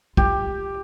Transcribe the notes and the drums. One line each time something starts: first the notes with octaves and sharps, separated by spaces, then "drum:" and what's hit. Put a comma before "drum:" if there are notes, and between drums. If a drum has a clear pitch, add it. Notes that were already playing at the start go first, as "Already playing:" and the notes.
F4 G4, drum: kick A#1